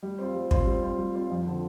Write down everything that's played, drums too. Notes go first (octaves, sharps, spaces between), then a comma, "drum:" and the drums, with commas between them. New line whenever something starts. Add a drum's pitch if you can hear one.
G3
C4 F4 C5
G3
C4 F4 C5, drum: kick
G3
C4 F4 C5
G3
C4 F4 C5
F2
D3 F3